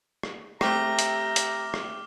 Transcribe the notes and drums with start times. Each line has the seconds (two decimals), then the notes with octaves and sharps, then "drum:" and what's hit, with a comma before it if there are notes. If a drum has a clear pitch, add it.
0.23 drum: rim click
0.61 A3 C4 G4 E5 A#5 D6 F6 G7, drum: rim click
0.99 drum: hi-hat
1.36 drum: hi-hat
1.74 drum: rim click